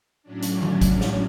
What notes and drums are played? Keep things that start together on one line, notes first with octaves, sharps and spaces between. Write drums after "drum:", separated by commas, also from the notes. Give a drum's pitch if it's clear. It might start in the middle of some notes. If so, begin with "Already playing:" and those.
A2 F#3 C#4 D4
drum: hi-hat
drum: tom D#3
drum: kick, hi-hat
drum: snare